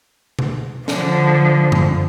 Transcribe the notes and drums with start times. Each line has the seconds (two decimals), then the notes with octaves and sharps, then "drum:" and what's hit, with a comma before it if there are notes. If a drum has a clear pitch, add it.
0.39 drum: tom B2
0.88 D3 F3, drum: snare
1.72 drum: tom F#2